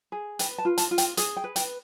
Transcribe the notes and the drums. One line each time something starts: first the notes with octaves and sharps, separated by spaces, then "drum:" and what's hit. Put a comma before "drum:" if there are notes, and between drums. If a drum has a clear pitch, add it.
G#4
B4 G5, drum: hi-hat
A5
F4
A5, drum: hi-hat
F4
G5, drum: hi-hat
G#4 G#5, drum: hi-hat
G5
B4
G5, drum: hi-hat